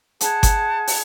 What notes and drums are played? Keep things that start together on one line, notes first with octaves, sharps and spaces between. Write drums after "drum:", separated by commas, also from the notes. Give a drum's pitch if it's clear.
G#4 F#5 A5, drum: hi-hat
drum: kick G1, hi-hat
drum: open hi-hat